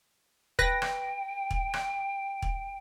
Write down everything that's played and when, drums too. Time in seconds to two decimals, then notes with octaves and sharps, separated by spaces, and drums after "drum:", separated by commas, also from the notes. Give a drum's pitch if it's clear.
0.59 B4 G5 A#6, drum: kick
0.82 drum: rim click
1.51 drum: kick
1.74 drum: rim click
2.42 drum: kick